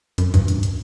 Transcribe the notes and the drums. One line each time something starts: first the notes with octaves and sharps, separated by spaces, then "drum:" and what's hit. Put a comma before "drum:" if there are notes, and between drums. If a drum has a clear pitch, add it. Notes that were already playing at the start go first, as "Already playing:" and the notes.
F#2, drum: hi-hat
G2, drum: kick C#2, hi-hat
drum: hi-hat
drum: hi-hat